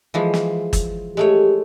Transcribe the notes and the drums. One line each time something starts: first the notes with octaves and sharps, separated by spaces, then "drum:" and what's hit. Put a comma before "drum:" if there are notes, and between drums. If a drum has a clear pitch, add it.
E3 F3 G#3
drum: snare
drum: kick, hi-hat
G#3 A3 G4 C#5